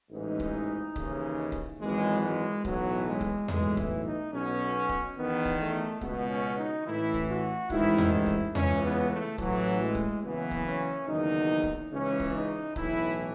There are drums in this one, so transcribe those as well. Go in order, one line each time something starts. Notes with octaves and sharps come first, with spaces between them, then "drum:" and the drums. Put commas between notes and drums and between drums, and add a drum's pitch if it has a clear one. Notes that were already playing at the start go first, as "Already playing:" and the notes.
A1 G#2 E3 D#4
drum: kick C#1
D#2 C#3 E3, drum: kick C#1
drum: kick C#1
G#1 F#2 E3 G#3
G#3
B1 A2 E3 F#3, drum: kick C#1
G#3
drum: kick C#1
B1 A2 E3 G#3, drum: tom E2
E4, drum: kick C#1
D#4
B1 B2 C#4
drum: kick C#1
E2 D#3 B3
drum: kick C#1
A3
C#2 B2 B3, drum: kick C#1
C#4
D#4
A1 A2 E3 E4
drum: kick C#1
F#4
A1 G#2 D#3 E4, drum: kick C#1
drum: tom E2
E4
drum: kick C#1
C#2 C#3 E3 C#4, drum: tom E2
B3
A3
A1 A2 E3 F#3, drum: kick C#1
G#3
drum: kick C#1
F#1 F#2 C#3 E3 B3
drum: kick C#1
C#4
F#1 E2 D#3 D#4
drum: kick C#1
C#2 C#3 E3 C#4
drum: kick C#1
D#4
B1 A2 E3 E4, drum: kick C#1